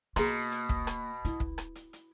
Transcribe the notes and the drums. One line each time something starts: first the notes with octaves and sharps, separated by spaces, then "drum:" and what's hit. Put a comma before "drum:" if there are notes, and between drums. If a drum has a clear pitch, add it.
B2 A#3 G#4 A#5 C6, drum: rim click
drum: hi-hat
drum: kick
drum: rim click
E4, drum: hi-hat
drum: kick
drum: rim click
drum: hi-hat
drum: hi-hat